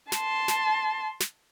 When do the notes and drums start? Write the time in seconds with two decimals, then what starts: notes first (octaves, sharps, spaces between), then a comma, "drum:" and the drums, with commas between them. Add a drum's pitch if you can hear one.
0.12 A5 C6, drum: snare
0.48 drum: snare
1.20 drum: snare